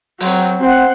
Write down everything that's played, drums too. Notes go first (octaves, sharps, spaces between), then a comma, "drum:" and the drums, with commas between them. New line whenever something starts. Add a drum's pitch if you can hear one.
F#3 C4, drum: open hi-hat
C4 C5 F#5